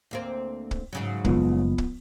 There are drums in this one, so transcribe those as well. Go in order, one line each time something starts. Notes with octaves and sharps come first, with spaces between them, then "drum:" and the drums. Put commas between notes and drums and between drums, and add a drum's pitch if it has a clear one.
D2 A#3 C4
drum: kick
G#2 C#3 F#3
F#1 F3 G#3 B3, drum: kick
drum: kick